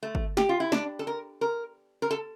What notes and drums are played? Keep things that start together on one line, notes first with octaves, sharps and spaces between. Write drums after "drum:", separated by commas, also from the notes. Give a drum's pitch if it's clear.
A3
drum: kick
G4, drum: snare
F4
E4
D4, drum: snare
A4
A#4
A#4
A#4
A4